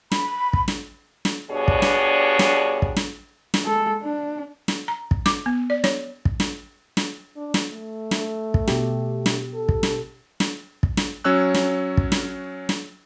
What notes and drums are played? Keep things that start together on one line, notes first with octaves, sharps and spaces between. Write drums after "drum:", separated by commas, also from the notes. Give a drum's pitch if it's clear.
B5, drum: snare
drum: kick
drum: snare
drum: snare
G2 B2 D4 G4 G#4 C#5
drum: kick
drum: snare
drum: snare
drum: kick
drum: snare
drum: snare
G#3 A4
D4
drum: snare
A#5
drum: kick
D6, drum: snare
B3
D5
C#5, drum: snare
drum: kick
drum: snare
drum: snare
D4
drum: snare
A3
drum: snare
drum: kick
B2 G4, drum: snare
drum: snare
A4
drum: kick
drum: snare
drum: snare
drum: kick
drum: snare
F#3 C#4 C#5 E6 F#6
drum: snare
drum: kick
drum: snare
drum: snare